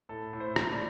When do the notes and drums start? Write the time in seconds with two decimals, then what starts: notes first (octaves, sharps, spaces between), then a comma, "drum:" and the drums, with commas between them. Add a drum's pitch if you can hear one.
0.09 A2 A4
0.33 A2
0.40 C5
0.56 A2, drum: rim click
0.72 D5